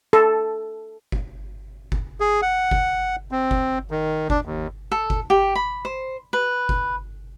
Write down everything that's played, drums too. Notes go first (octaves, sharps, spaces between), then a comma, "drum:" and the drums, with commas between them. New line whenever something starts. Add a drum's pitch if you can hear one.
A4
drum: kick F#1
drum: kick F#1
G#4
F#5
drum: kick F#1
C4
drum: kick F#1
D#3
D4, drum: kick F#1
D#2
A4
drum: kick F#1
G4
B5
C5
B4
drum: kick F#1